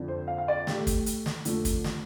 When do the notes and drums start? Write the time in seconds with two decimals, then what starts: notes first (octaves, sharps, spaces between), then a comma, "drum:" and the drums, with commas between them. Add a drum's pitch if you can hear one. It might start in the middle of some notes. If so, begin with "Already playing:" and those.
Already playing: F2 D3 F3
0.08 C5
0.28 F5
0.38 F5
0.48 D5
0.67 A2 A3 G4, drum: snare
0.87 drum: kick, hi-hat
1.06 drum: hi-hat
1.26 drum: snare
1.45 F2 D3 F3 A3, drum: hi-hat
1.65 drum: kick, hi-hat
1.84 drum: snare